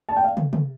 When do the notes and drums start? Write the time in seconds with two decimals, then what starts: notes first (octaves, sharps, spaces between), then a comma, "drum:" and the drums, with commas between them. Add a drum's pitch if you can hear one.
0.09 A5
0.16 G5
0.24 F5
0.37 drum: tom
0.53 drum: tom